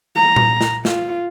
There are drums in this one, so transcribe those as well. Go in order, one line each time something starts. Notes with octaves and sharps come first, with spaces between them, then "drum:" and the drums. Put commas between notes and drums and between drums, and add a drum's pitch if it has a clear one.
A#5
drum: tom A#2
drum: snare
F4, drum: snare